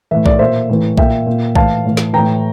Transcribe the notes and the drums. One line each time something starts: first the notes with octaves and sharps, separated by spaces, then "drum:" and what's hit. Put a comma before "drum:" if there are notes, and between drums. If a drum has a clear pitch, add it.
A2 E3 E5
D5, drum: kick B1
A#2 C5 E5
A2 E3
A#2 E5 G5, drum: kick B1
A#2
A2 E3 F5 A5, drum: kick B1
A2 E3
drum: snare
A2 E3 G5 A#5